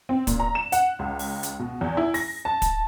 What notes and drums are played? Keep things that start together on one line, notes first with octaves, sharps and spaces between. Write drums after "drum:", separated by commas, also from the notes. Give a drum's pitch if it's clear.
C4
A#2, drum: kick, hi-hat
A#5
E7
F#5, drum: hi-hat
C#2
drum: open hi-hat
drum: hi-hat
B2
E2
E4
A#6, drum: open hi-hat
A5
drum: kick, hi-hat